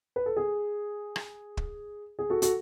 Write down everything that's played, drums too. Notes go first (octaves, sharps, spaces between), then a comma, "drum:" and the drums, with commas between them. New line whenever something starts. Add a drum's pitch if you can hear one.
B4
A4
G#4
drum: rim click
drum: kick
G#4
F#4 A4
F#4 A4, drum: hi-hat